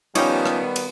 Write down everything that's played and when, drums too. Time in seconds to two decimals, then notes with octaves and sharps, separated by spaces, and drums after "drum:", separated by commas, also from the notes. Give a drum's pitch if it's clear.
0.15 D#3 F3 G3 B3 C#4 D#4 G4 C#5, drum: cymbal
0.46 drum: rim click
0.76 drum: cymbal